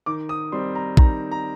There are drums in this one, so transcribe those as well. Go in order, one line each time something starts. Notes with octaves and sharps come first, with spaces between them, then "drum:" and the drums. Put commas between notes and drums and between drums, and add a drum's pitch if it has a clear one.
D#3 D6
D#6
G3 C4 D#4 C6
A#5
D#3 A#5, drum: kick
A#5